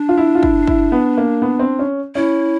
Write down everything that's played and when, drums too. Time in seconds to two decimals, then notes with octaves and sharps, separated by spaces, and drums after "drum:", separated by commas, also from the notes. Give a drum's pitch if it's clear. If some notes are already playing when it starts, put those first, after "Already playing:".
Already playing: D4
0.09 F4
0.18 E4
0.35 F4
0.43 E4, drum: kick
0.67 E4, drum: kick
0.92 B3
1.17 A#3
1.42 B3
1.59 C4
1.79 C#4
2.15 C#4 E4